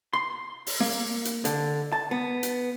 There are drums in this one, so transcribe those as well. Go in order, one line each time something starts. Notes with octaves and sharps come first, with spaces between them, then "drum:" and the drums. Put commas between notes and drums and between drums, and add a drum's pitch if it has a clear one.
C6
drum: open hi-hat
A#3
drum: hi-hat
D3, drum: hi-hat
A5
B3
drum: hi-hat